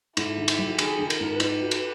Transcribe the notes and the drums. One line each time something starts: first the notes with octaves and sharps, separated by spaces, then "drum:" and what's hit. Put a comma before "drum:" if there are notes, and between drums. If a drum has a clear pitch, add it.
G#2 E4, drum: cymbal
D#3
drum: cymbal
F#3
D#3 G#4, drum: cymbal
D#3
A#4, drum: cymbal
G#2
D#4 B4, drum: cymbal
F#4
drum: cymbal